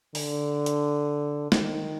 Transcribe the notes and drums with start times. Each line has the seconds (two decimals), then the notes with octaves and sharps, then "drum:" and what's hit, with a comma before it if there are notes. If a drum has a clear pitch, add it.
0.15 D3, drum: open hi-hat
0.66 drum: hi-hat
1.52 D#3, drum: snare